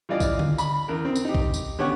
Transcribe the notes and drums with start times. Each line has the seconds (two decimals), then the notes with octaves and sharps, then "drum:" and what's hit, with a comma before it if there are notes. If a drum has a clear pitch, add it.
0.09 E3 G3 F4 D5 D#5
0.20 drum: kick, tambourine
0.39 drum: tom D3
0.58 B5, drum: tambourine
0.88 E2 A#4
1.05 C4
1.16 drum: tambourine
1.25 D#4 G4
1.35 drum: kick
1.54 drum: tambourine
1.79 D3 B3 C#4 G4 C#5 F#5